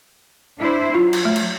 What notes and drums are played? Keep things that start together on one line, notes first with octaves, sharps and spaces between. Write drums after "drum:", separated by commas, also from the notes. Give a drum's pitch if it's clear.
D4 E4 C5
F#3 F4
drum: cymbal
A3
drum: cymbal